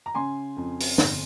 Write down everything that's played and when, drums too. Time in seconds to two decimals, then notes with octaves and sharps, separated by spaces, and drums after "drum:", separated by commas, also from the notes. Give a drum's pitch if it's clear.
0.06 A#5
0.14 C#3 G#5 C6
0.57 F2
0.80 drum: open hi-hat
0.98 G1, drum: snare